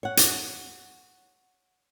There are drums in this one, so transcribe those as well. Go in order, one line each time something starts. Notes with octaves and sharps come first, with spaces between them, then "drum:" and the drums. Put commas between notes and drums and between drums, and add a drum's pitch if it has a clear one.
C#5 F#5
drum: hi-hat